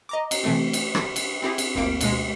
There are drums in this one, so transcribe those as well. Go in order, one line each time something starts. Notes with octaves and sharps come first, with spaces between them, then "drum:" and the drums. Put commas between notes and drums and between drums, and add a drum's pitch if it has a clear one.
D#5 A#5 D6
drum: cymbal
C3 E3 A3 C4
drum: cymbal
drum: rim click
drum: cymbal
C4 E4 G4 G#4
drum: cymbal
G1 D2 A#3 C4 F5 D7
D2 B2 G#3, drum: cymbal